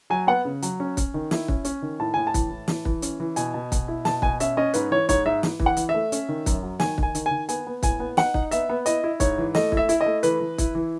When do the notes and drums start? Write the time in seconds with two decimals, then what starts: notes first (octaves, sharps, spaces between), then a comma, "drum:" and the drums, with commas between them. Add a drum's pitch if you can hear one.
0.10 F#3 G#5
0.27 B3 F#5
0.45 C#3
0.62 F#3, drum: hi-hat
0.80 C#4
0.97 C#4, drum: kick, hi-hat
1.14 D#3
1.31 E4, drum: snare
1.48 C#4, drum: kick
1.65 C#4, drum: hi-hat
1.82 D#3
1.99 A2 A5
2.14 A2 G#5
2.27 A5
2.34 E3, drum: kick, hi-hat
2.50 A2
2.68 E3, drum: snare
2.85 E3, drum: kick
3.02 C#4, drum: hi-hat
3.20 E3
3.36 B2 G#5, drum: hi-hat
3.54 B2
3.72 B2, drum: kick, hi-hat
3.88 E4
4.05 B2 A5, drum: snare
4.22 B2 G#5, drum: kick
4.40 C#4 E5, drum: hi-hat
4.57 C#4 D#5
4.74 G#2 B4, drum: hi-hat
4.91 E3 C#5
5.09 G#2 C#5, drum: kick, hi-hat
5.26 G#2 E5
5.43 E3, drum: snare
5.60 E3, drum: kick
5.66 F#5
5.77 E3, drum: hi-hat
5.89 E5
5.94 A3
6.12 C#4, drum: hi-hat
6.29 D#3
6.46 F#2, drum: kick, hi-hat
6.63 F#3
6.80 D#3 G#5, drum: snare
6.98 D#3 G#5, drum: kick
7.15 D#3, drum: hi-hat
7.26 G#5
7.31 D#3
7.49 B3 G#5, drum: hi-hat
7.67 B3
7.83 A2 G#5, drum: kick, hi-hat
8.00 B3
8.17 D#4 F#5, drum: snare
8.34 D#4, drum: kick
8.51 B3 E5, drum: hi-hat
8.69 B3
8.86 E4 D#5, drum: hi-hat
9.04 E4
9.20 G#2 C#5, drum: kick, hi-hat
9.38 E3
9.55 A3 D#5, drum: snare
9.72 E4, drum: kick
9.77 E5
9.89 E4, drum: hi-hat
10.01 D#5
10.06 A3
10.23 E3 B4, drum: hi-hat
10.40 E3
10.58 E4, drum: kick, hi-hat
10.75 E3